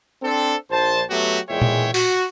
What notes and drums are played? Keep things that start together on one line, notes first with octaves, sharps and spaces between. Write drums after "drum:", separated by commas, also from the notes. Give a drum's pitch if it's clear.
C4 D4 A4
A#1 C5 A5
F#3 A3 B3 F#4 G4
E2 A#2 G#3 C#5 E5 G5
drum: tom A#2
F#4, drum: open hi-hat